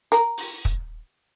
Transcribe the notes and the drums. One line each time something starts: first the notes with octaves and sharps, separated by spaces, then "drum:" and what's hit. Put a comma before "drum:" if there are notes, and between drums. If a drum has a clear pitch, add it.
A#4, drum: hi-hat
drum: open hi-hat
drum: kick